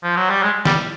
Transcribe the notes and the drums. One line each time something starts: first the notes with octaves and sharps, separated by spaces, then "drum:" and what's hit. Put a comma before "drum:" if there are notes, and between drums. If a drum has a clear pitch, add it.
F3
F#3
G3
G#3
G3, drum: snare